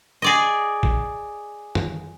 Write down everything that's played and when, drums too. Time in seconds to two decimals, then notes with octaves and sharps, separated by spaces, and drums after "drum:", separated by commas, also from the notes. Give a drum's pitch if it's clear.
0.22 G#4 D5 D#5
0.83 drum: kick
1.75 drum: tom